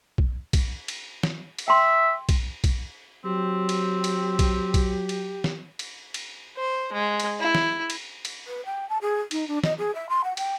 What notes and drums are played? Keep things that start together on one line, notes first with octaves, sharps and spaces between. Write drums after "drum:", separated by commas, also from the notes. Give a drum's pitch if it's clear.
drum: kick B1
drum: kick B1, cymbal
drum: cymbal
drum: snare
drum: cymbal
E5 G5 C6
drum: kick B1, cymbal
drum: kick B1, cymbal
F#3 C4 G4
drum: cymbal
drum: cymbal
drum: kick B1, cymbal
drum: kick B1, cymbal
drum: cymbal
drum: snare
drum: cymbal
drum: cymbal
C5
G#3
drum: cymbal
E4
drum: snare
drum: cymbal
drum: cymbal
B4
G5
A5
G#4
D#4, drum: cymbal
D4
D#5, drum: snare
G#4
E5
C6
F#5
G5, drum: cymbal